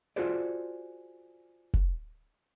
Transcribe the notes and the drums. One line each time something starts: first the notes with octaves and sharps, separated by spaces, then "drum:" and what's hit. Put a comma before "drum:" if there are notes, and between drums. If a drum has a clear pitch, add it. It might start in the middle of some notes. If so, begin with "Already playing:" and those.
F4 F#4 G#4 A4 C5 D5
drum: kick F1